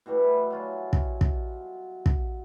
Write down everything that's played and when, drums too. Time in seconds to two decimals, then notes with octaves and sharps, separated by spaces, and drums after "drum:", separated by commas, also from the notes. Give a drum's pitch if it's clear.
0.06 B2 E3 G3 A3
0.50 F#3 F4 G#5
0.93 drum: kick
1.21 drum: kick
2.06 drum: kick